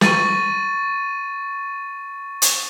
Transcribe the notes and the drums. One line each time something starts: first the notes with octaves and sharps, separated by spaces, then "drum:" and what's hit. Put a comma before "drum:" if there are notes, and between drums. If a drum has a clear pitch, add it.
C#6 A6 D#7, drum: snare
drum: hi-hat